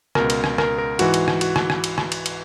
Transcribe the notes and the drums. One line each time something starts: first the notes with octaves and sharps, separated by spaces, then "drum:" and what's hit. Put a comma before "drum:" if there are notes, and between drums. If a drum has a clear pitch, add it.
C#2 B2 A#4, drum: rim click
drum: cymbal
drum: rim click
A#4, drum: rim click
A#4
G#2 E3 F#4, drum: cymbal
drum: cymbal
drum: rim click
F#4, drum: cymbal
drum: rim click
drum: rim click
drum: cymbal
drum: rim click
drum: cymbal
drum: cymbal